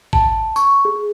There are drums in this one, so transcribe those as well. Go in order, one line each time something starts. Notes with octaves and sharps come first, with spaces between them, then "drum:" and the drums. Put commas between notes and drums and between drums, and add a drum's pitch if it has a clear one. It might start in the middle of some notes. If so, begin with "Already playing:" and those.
A5, drum: kick G#1
C#6, drum: tambourine
G#4